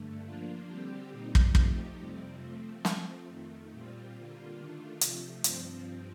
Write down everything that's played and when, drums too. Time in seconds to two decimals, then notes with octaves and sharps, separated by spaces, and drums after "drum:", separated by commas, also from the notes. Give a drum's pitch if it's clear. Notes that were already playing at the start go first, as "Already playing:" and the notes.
Already playing: G2 D3 A3
0.25 F3 A#3 D4 F4
0.68 D3 G3 C4 G4
1.12 A#2 G3 C4 D#4
1.35 drum: kick
1.55 F3 A3 D#4 G4, drum: kick
1.98 F2 C3 G3 C4
2.42 F3 A3 C4
2.85 F3 A3 C4, drum: snare
3.28 F2 D#3 A3
3.72 A#2 G3 C4 F4
4.15 D3 G3 A#3 F4
4.58 D#3 A3 D4 F4
5.01 C3 F3 A3, drum: hi-hat
5.44 G2 F3 C4, drum: hi-hat